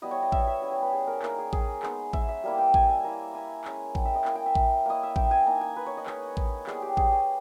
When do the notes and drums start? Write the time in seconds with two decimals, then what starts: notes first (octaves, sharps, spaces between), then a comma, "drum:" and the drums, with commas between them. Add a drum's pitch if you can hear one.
0.02 G3 B3 E4 D#5
0.11 C#5
0.22 D#5
0.32 E5, drum: kick A1
0.47 E5
0.62 G3 C#4 E4 D#5
0.72 C#5
0.82 B4
0.92 G#4
1.07 A#4
1.22 A#3 D#4 A#4, drum: clap
1.38 G#4
1.53 G#4, drum: kick A1
1.83 G#3 B3 D#4, drum: clap
2.13 E5, drum: kick A1
2.29 E5
2.43 G3 A#3 E4
2.59 G5
2.74 G#5, drum: kick A1
2.89 G#5
3.04 A#3 E4 A#5
3.35 G#5
3.65 G#3 C#4 E4, drum: clap
3.95 G5, drum: kick A1
4.05 E5
4.15 D#5
4.25 A#3 E4 G#5, drum: clap
4.35 G5
4.46 E5
4.55 drum: kick A1
4.86 A#3 E4 D#5
5.03 E5
5.16 G5, drum: kick A1
5.31 G#5
5.46 A#3 D#4 A#5
5.61 G#5
5.76 B4
5.86 C#5
5.97 D#5
6.06 G#3 D#4 C#5, drum: clap
6.37 drum: kick A1
6.67 G3 B3 E4 G#4, drum: clap
6.82 G4
6.97 G#4, drum: kick A1
7.12 G#4